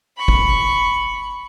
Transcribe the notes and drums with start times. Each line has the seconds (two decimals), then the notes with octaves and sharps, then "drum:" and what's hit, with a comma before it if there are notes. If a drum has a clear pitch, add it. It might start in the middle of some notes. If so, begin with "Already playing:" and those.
0.17 B5 C#6
0.28 drum: kick